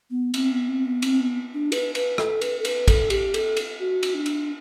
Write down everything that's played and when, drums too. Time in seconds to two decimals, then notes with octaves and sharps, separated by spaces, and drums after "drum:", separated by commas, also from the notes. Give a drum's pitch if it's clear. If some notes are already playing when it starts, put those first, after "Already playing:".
0.11 B3
0.34 C4, drum: cymbal
0.51 B3
0.68 C4
0.86 B3
1.02 C4, drum: cymbal
1.20 B3
1.54 D4
1.72 B4, drum: cymbal
1.95 B4, drum: cymbal
2.18 A4, drum: rim click
2.41 B4, drum: cymbal
2.60 A4
2.65 B4, drum: cymbal
2.88 A4, drum: kick, cymbal
3.10 G4, drum: cymbal
3.34 A4, drum: cymbal
3.57 drum: cymbal
3.80 F#4
4.03 drum: cymbal
4.14 D4
4.26 drum: cymbal